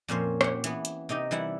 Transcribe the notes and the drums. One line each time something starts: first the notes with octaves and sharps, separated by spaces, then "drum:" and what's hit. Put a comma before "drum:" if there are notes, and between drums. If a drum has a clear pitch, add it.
F2 A#2 C#4 C5
G4 F#5, drum: rim click
E3 B3, drum: hi-hat
drum: hi-hat
C3 D#4 G4 D#5
E3 G3 E4 F#5